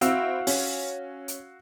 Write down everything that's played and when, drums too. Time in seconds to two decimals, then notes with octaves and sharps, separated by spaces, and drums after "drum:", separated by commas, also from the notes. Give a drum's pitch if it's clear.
0.01 C4 E4 F#4 F5 E6, drum: hi-hat
0.47 C#4, drum: open hi-hat
1.28 drum: hi-hat